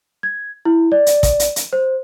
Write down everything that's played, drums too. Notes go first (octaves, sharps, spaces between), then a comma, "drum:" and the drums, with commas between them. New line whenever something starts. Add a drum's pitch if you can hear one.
G#6
E4
D5
drum: hi-hat
drum: kick, hi-hat
drum: hi-hat
drum: hi-hat
C5